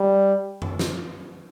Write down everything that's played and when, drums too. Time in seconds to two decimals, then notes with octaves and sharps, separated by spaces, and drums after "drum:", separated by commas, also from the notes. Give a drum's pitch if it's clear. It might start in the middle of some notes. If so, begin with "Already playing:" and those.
Already playing: G3
0.62 drum: tom F#2
0.79 drum: snare